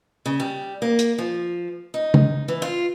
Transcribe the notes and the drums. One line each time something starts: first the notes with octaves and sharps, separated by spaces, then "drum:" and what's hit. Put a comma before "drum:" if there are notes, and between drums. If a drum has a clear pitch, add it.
C#3
G3
A#3
drum: hi-hat
F3
D#4
drum: tom C#3
E3
F4